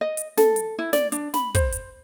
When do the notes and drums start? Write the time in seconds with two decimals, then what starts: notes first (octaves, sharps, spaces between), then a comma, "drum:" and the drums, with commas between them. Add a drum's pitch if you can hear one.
0.01 D#5
0.17 drum: hi-hat
0.37 A4, drum: snare
0.56 drum: hi-hat
0.79 E4
0.93 D5, drum: snare
1.12 D4, drum: hi-hat
1.34 B5, drum: snare
1.55 C5, drum: kick, hi-hat
1.72 drum: hi-hat